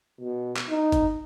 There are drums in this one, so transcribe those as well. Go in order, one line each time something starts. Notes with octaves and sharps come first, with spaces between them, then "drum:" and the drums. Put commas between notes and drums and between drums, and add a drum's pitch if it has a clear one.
B2
drum: clap
D#4
drum: kick G1, hi-hat